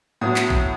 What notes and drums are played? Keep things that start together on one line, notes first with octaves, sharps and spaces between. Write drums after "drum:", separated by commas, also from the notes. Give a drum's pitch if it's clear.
A2 F#3 B3 D#6
drum: clap
drum: kick A1